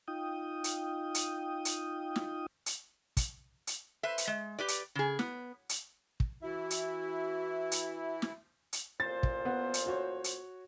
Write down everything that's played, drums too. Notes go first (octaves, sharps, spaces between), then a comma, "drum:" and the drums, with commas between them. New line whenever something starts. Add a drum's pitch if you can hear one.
D#4 F4 G5 D#6
drum: hi-hat
drum: hi-hat
drum: hi-hat
drum: snare
drum: hi-hat
drum: kick, hi-hat
drum: hi-hat
B4 C5 E5
drum: hi-hat
G#3
G4 B4 D5
drum: hi-hat
C#3 G#4
B3, drum: snare
drum: hi-hat
drum: kick
E3 E4 F#4 E5
drum: hi-hat
drum: hi-hat
drum: snare
drum: hi-hat
A1 A#2 C5 A6
drum: kick
B3
drum: hi-hat
F#4 C#5
drum: hi-hat